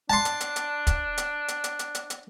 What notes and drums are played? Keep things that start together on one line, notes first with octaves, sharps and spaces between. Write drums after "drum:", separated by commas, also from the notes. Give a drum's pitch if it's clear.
D4 A5 C6
drum: hi-hat
drum: hi-hat
drum: hi-hat
drum: kick, hi-hat
drum: hi-hat
drum: hi-hat
drum: hi-hat
drum: hi-hat
drum: hi-hat
drum: hi-hat